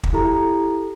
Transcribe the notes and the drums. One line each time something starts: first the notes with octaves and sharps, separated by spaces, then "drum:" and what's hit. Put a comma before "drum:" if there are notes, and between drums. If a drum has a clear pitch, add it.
drum: kick
E4 G4 A4 A#5